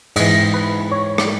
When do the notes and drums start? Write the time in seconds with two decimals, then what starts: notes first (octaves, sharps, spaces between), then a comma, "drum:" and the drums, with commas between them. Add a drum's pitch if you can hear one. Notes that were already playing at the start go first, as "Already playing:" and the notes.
0.16 G#2 E3 D#5, drum: cymbal
0.54 B4
0.92 C#5
1.18 drum: rim click